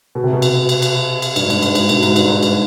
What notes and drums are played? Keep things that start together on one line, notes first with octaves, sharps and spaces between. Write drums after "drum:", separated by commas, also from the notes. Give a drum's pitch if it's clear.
B2
C3
B2
drum: cymbal
drum: cymbal
drum: cymbal
drum: cymbal
G2, drum: cymbal
G#2
G2, drum: cymbal
drum: cymbal
G#2, drum: cymbal
B2, drum: cymbal
G#2, drum: cymbal
G2, drum: cymbal
G#2
drum: cymbal